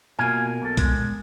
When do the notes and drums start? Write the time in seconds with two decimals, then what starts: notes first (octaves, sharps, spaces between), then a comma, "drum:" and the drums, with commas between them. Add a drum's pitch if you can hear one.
0.19 B2 A#3 F4 G#5
0.62 B1 A4
0.77 A#2 G#3, drum: kick, hi-hat